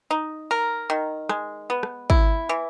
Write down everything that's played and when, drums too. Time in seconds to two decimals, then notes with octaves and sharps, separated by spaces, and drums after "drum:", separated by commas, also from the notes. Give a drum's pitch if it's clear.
0.11 D#4
0.51 A#4
0.90 D#3
1.29 G#3, drum: rim click
1.70 B3
1.83 drum: rim click
2.10 E4, drum: kick
2.49 E3